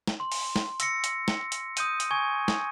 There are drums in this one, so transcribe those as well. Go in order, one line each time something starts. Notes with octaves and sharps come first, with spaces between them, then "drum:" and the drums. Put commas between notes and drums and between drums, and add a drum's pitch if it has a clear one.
drum: snare
C6
drum: open hi-hat
drum: snare
E6 A#6 C#7, drum: hi-hat
drum: hi-hat
drum: snare
drum: hi-hat
D#6 G6 D#7, drum: hi-hat
drum: hi-hat
G#5 C#6 G#6
drum: snare